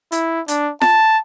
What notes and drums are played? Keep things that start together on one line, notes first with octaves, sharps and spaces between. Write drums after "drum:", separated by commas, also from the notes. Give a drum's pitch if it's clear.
E4, drum: hi-hat
D4, drum: hi-hat
A5, drum: snare F4